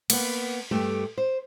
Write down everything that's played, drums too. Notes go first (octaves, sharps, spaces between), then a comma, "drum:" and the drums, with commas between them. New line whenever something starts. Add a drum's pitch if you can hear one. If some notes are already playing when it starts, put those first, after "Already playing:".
A#3 B3, drum: cymbal
G2 A3 G4
C5